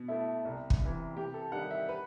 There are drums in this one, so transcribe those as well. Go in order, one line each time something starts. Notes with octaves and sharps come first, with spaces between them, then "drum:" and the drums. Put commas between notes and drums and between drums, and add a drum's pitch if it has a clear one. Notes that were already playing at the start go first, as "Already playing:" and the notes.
Already playing: B2
A3 E4
C2
drum: kick
C3 E3
C3 G4
A4
D#3 G3 D#4 F#5
E5
B4